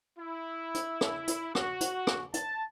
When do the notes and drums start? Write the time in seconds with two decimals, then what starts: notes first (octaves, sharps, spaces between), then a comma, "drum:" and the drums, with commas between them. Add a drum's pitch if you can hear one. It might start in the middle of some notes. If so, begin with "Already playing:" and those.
0.19 E4
0.74 drum: hi-hat
1.01 drum: rim click
1.28 drum: hi-hat
1.55 F#4, drum: rim click
1.81 drum: hi-hat
2.07 drum: rim click
2.34 A5, drum: hi-hat